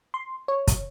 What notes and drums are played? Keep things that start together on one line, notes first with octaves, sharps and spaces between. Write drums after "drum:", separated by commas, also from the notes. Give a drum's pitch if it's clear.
C6
C#5
drum: kick, hi-hat